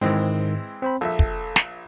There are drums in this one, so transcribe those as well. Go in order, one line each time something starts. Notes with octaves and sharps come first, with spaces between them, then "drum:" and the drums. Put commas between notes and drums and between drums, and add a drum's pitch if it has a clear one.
G#2 D#3 E3 G#3 C4
C4 C5 B5
A#1 A4 E5
drum: kick
drum: snare